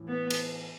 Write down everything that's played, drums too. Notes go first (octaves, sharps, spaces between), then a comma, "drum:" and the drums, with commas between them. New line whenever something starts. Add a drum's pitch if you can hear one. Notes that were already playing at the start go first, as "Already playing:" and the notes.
Already playing: A2 E3
B3
drum: cymbal